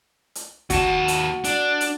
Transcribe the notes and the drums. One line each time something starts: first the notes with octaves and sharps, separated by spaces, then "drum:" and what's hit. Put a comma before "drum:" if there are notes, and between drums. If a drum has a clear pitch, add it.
drum: hi-hat
D#2 F#4 A5, drum: kick, hi-hat
drum: hi-hat
D4, drum: hi-hat
drum: hi-hat